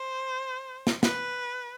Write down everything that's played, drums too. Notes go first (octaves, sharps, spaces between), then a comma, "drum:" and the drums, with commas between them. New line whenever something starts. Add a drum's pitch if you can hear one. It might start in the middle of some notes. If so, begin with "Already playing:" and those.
Already playing: C5
drum: snare
B4, drum: snare